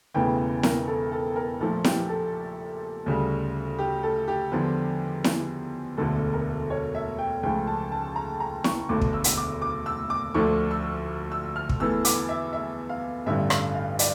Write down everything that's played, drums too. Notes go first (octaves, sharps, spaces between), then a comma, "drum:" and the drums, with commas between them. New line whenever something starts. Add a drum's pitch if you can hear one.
E1 E2 C#3 E3 A3 G5
A#4, drum: snare E4
A4
A4
A#4
A#1 A#2 F3 A3 A4
G4, drum: snare E4
A4
D2 C#3 G3
G4
A4
G4
E2 D3 F3
drum: snare E4
E1 D2 D3 A3 A4
A#4
C#5
E5
G5
C#2 C#3 F3 A3 G5
A5
A5
A#5
A#5
C#6, drum: snare E4
E1 D2 D3 A3 D6
drum: kick
E6
drum: hi-hat
D6
D6
E6
D6
D2 D3 F3 A3 C#6
E6
E6
F6
drum: kick
E2 E3 A3 E6
D6, drum: hi-hat
E5
E5
F5
A1 G2 D3 G3 E5
F5, drum: rim click
F5
D5, drum: hi-hat